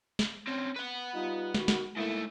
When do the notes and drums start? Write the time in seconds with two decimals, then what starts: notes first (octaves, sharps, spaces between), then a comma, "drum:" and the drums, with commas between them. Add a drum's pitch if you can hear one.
0.19 drum: snare
0.47 C4 C#4
0.76 B4 F#5
1.14 G3 D#4 F4
1.54 D#3 F#4, drum: snare
1.68 drum: snare
1.96 G#2 A3 A#3 E4